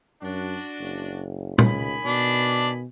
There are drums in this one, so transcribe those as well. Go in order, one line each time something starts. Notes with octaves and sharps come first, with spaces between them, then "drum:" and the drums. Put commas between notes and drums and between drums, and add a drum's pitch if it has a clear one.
F#2 D4 F#4
F#1
C#2 D#3 G#5 B5, drum: tom A#2
B2 D4